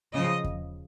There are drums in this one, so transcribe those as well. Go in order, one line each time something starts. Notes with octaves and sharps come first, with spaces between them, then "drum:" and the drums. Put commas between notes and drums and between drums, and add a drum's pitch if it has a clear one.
C#3 F3 D#5
drum: kick E2